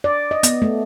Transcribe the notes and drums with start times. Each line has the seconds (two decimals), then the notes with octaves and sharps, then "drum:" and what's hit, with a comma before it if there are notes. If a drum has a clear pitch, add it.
0.04 D5
0.31 D#5
0.43 B3, drum: hi-hat
0.62 A3